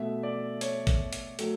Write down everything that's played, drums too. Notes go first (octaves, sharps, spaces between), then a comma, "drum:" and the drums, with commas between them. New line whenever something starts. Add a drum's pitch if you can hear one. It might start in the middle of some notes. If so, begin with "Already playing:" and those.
Already playing: B2 A3 E5
D5
C#5, drum: hi-hat
drum: kick G#1, hi-hat
drum: hi-hat
F#3 A3, drum: hi-hat